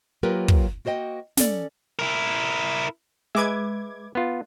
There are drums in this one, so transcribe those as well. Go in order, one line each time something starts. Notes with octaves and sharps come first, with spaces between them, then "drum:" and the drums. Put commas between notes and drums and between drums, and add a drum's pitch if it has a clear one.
F#3 A#3 F4 G4 A#4 B4
drum: kick
A#3 F#4 C5 D#5 G5
C#4 A4 D5, drum: snare
E4 A#4
G#3 B4 E5 D6 G#6
B3 F4